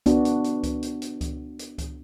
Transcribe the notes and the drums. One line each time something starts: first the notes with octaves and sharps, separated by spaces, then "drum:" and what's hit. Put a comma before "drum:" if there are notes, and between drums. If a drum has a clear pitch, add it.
B3 D4 F#4, drum: kick C#2, hi-hat
drum: hi-hat
drum: hi-hat
drum: kick C#2, hi-hat
drum: hi-hat
drum: hi-hat
drum: kick C#2, hi-hat
drum: hi-hat
drum: kick C#2, hi-hat